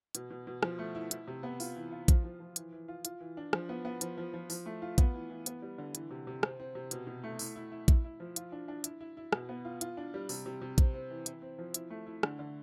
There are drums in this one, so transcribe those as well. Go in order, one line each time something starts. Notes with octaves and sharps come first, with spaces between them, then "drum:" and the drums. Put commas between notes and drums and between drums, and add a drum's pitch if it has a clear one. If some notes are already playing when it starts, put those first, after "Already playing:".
B2, drum: hi-hat
B2
B2
F3, drum: rim click
A3
E4
E4, drum: hi-hat
C3
B3
F4, drum: open hi-hat
E3
F4
F3, drum: kick A#1, hi-hat
F3
F3
E3, drum: hi-hat
E3
F4
F4, drum: hi-hat
E3
D4
F3, drum: rim click
B3
B3
F3, drum: hi-hat
F3
F3
F3, drum: open hi-hat
A3
F4
B3, drum: kick A#1, hi-hat
E3
E3
B3, drum: hi-hat
G3
D3
E3, drum: hi-hat
C3
C3
C4, drum: rim click
C4
C3
B2, drum: hi-hat
B2
A3
E4, drum: open hi-hat
E4
E4
E4, drum: kick A#1, hi-hat
E4
F3
F4, drum: hi-hat
D4
D4
E4, drum: hi-hat
E4
E4
B2, drum: rim click
B3
F4
F4, drum: hi-hat
D4
G3
C3, drum: open hi-hat
C3
C3
C4, drum: kick A#1, hi-hat
C4
E3
E4, drum: hi-hat
C4
F3
E4, drum: hi-hat
A3
E4
D3, drum: rim click
D3